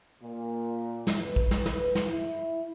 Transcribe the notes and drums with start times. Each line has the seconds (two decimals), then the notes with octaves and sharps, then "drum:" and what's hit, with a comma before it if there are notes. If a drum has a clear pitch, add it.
0.23 A#2
1.07 drum: snare
1.22 B4
1.36 drum: kick
1.51 drum: snare
1.66 drum: snare
1.95 drum: snare
2.06 E4